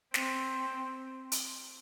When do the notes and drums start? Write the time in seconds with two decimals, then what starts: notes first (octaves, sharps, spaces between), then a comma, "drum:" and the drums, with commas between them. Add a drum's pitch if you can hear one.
0.14 C4, drum: snare
1.32 drum: hi-hat